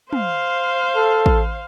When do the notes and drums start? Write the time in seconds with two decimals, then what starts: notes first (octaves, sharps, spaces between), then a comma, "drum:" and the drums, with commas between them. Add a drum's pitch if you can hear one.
0.13 C5 F5, drum: tom
0.96 A4
1.26 drum: kick A1